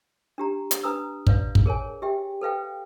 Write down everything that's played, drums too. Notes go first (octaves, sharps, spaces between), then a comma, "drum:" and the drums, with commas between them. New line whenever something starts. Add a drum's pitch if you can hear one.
D4 G4 A#5
drum: hi-hat
D4 B4 A#5 D#6 E6
B4 D5 F5, drum: kick
drum: kick
G#4 A#4 C#5 G#5
G4 E5 G5
A4 B4 F5 G5